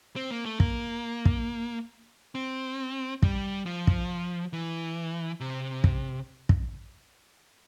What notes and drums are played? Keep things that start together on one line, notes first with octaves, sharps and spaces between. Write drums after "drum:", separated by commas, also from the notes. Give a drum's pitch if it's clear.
C4
A#3
A3
A#3, drum: kick
drum: kick
C4
G3, drum: kick
F3
drum: kick
E3
C3
drum: kick
drum: kick